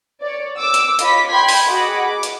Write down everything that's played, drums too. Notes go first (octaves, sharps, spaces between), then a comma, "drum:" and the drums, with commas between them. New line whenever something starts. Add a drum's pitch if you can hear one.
C#5 D5
D6 E6
drum: hi-hat
F4 C#5 D#5 B5 D6 B6, drum: hi-hat
G5 B5 C6 G#6 B6
drum: open hi-hat
F#4 G#4 D#5 F#5 B5 D6
D6
drum: hi-hat